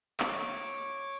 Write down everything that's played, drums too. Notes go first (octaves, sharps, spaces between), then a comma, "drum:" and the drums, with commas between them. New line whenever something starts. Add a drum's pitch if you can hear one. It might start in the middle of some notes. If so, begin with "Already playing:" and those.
C#5 D6, drum: clap